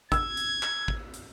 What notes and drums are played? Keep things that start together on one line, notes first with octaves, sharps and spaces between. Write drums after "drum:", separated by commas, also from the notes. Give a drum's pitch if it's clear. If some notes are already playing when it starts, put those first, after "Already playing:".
E6 G#6, drum: kick, hi-hat
drum: hi-hat
drum: clap
drum: kick
drum: hi-hat